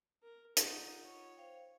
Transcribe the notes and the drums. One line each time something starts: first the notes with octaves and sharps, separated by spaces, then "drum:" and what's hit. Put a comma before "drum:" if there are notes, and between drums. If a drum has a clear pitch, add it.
A#4
D#4 F4 F#5, drum: hi-hat
C#5
C5 F5 G5